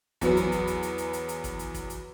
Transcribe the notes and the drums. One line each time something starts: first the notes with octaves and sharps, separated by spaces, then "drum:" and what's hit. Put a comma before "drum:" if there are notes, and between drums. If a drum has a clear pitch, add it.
E2 F#3 B3, drum: kick, hi-hat
drum: hi-hat
drum: kick, hi-hat
drum: hi-hat
drum: hi-hat
drum: hi-hat
drum: hi-hat
drum: hi-hat
drum: kick, hi-hat
drum: hi-hat
drum: kick, hi-hat
drum: hi-hat